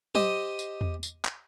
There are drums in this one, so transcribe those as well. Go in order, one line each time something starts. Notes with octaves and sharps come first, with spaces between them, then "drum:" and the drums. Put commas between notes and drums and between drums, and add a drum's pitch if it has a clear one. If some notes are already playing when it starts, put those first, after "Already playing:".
G4 C5 D#5 D#6, drum: tom F#3
drum: tambourine
drum: tom E2
drum: tambourine
drum: clap